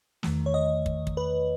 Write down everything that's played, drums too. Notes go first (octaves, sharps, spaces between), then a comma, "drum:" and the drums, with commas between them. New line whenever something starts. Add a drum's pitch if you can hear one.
E2 D#3 A3, drum: snare
C#5
D#5
drum: kick
drum: kick
B4